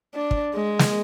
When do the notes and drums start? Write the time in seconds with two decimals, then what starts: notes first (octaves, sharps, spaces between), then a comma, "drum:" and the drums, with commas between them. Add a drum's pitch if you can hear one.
0.15 D4
0.31 drum: kick
0.55 G#3
0.79 drum: snare